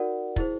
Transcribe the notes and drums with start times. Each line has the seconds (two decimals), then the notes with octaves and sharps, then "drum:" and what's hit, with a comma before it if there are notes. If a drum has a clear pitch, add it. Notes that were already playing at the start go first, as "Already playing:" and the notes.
Already playing: D#4 F#4 A#4 D5 F#5
0.36 E4 G#4 C5, drum: kick